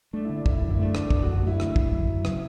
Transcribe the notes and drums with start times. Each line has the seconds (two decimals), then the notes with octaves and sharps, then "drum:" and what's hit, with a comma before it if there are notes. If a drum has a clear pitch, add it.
0.13 A3 D4
0.25 D3 E4
0.36 D4
0.46 F#2 E4, drum: kick
0.59 F#2 D4
0.71 E4
0.79 A3 D4
0.95 D3, drum: rim click
1.11 F#2 D4, drum: kick
1.23 F#4
1.27 F#2
1.35 F#4
1.43 A3 E4
1.60 D3, drum: rim click
1.76 F#2, drum: kick
1.92 F#2
2.08 F#3
2.25 C#3, drum: rim click